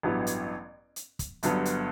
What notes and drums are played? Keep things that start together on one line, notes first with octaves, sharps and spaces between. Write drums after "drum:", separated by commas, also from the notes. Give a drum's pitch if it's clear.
A1 G2 F#3 B3 E4
drum: hi-hat
drum: hi-hat
drum: kick, hi-hat
G1 G2 F#3 B3, drum: hi-hat
drum: hi-hat